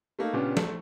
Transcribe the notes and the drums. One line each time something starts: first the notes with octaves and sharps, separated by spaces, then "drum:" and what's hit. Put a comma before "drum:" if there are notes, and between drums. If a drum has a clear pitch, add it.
A3 A#3 D#4
A#2 C#3 B3 C#4 D4 G4
A3, drum: snare